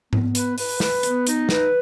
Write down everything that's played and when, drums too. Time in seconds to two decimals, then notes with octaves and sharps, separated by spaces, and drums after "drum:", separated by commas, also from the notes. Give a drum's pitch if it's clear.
0.13 B3, drum: tom G#2
0.35 B4, drum: hi-hat
0.58 B4, drum: open hi-hat
0.80 B4, drum: snare
1.03 B3, drum: hi-hat
1.27 D#4, drum: hi-hat
1.49 B4, drum: snare